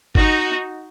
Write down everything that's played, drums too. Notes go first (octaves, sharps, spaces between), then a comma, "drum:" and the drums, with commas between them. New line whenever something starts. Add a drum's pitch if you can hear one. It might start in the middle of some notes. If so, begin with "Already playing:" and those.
D#4 F#4, drum: kick G1